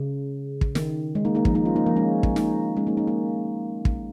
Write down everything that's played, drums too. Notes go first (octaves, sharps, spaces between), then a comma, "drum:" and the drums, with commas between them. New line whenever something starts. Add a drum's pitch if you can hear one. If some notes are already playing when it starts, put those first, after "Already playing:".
Already playing: C#3
drum: kick
D#3, drum: snare
G#3
A#3 D#4
A#3 D#4
F3 A#3, drum: kick
A#3 D#4
C#4 F4
A#3 D#4
F3 A#3
G#3 C#4
drum: kick
A#3 D#4, drum: snare
G#3 C#4
A#3 D#4
A#3 D#4
A#3 D#4
drum: kick